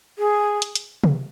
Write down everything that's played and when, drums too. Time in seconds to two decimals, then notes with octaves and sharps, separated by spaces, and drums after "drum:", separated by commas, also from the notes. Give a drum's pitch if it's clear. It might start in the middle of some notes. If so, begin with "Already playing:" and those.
0.18 G#4
0.62 drum: hi-hat
0.75 drum: hi-hat
1.04 drum: tom C3